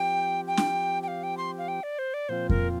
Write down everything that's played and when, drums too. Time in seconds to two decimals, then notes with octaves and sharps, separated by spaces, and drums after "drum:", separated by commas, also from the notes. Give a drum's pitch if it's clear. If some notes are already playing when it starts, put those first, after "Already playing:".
Already playing: F3 C4 G4 G5
0.47 G5
0.57 drum: snare
1.03 G5
1.08 F5
1.23 G5
1.37 C6
1.58 F5
1.68 G5
1.83 D5
1.99 C5
2.14 D5
2.29 A#2 F3 C4 F4 C5
2.49 A#4, drum: kick F2